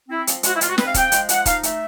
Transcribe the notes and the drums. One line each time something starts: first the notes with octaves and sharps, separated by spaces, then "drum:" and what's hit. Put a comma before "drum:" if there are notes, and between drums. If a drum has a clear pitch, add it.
C4 E4
F3, drum: hi-hat
G#3 F#4, drum: hi-hat
E4
C3 F4, drum: hi-hat
F#4
C4 B4, drum: snare
F5
F3 G5, drum: kick, hi-hat
G#3, drum: hi-hat
F3 F#5, drum: hi-hat
D#4 F5, drum: kick, hi-hat
A3 E5, drum: hi-hat